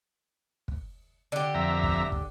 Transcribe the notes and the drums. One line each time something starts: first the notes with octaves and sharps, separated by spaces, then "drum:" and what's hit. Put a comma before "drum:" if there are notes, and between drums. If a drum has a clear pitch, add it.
drum: kick
D3 G4
F2 E5 A#5
drum: kick
drum: kick